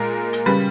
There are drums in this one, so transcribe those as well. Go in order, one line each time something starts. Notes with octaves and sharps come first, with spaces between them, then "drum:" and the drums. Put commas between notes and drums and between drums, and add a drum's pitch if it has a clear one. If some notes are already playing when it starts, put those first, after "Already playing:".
Already playing: A#2 G#3 A#4
drum: hi-hat
C#3 G3 B4